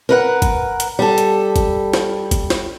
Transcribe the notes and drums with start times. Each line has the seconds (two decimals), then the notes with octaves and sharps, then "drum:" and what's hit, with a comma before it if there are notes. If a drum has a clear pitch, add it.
0.09 A#4 B4 F#5
0.42 drum: kick G1, hi-hat
0.80 drum: hi-hat
0.99 G3 A4
1.18 drum: hi-hat
1.56 drum: kick G1, hi-hat
1.94 drum: snare
2.31 drum: kick G1, hi-hat
2.50 drum: snare